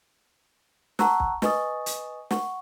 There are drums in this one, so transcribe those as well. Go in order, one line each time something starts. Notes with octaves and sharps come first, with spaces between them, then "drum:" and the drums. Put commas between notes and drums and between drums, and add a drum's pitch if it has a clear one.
F#5 A5 A#5 C#6 E6 F#6, drum: snare
drum: kick
B4 D#5 G#5 C#6 D#6 A6, drum: snare
drum: hi-hat
F#5 C#6, drum: snare